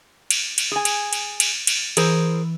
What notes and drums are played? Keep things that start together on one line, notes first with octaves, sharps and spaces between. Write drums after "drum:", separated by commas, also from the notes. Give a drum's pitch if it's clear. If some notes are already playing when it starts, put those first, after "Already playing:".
drum: cymbal
drum: cymbal
G#4 G#5
drum: cymbal
drum: cymbal
drum: cymbal
drum: cymbal
E3 G#4 A#4 C5, drum: cymbal